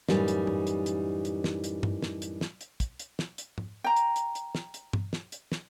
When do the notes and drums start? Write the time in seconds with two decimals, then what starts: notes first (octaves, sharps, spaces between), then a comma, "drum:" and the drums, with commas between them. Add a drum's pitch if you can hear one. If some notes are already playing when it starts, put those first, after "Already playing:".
0.09 F#2 A2 E3 G3 D#4, drum: snare
0.28 drum: hi-hat
0.47 drum: tom G#2
0.67 drum: hi-hat
0.86 drum: hi-hat
1.25 drum: hi-hat
1.44 drum: snare
1.64 drum: hi-hat
1.83 drum: tom G2
2.02 drum: snare
2.22 drum: hi-hat
2.41 drum: snare
2.61 drum: hi-hat
2.80 drum: kick, hi-hat
2.99 drum: hi-hat
3.19 drum: snare
3.38 drum: hi-hat
3.58 drum: tom G#2
3.84 G5 A#5
3.96 drum: hi-hat
4.16 drum: hi-hat
4.35 drum: hi-hat
4.55 drum: snare
4.74 drum: hi-hat
4.93 drum: tom G2
5.13 drum: snare
5.32 drum: hi-hat
5.52 drum: snare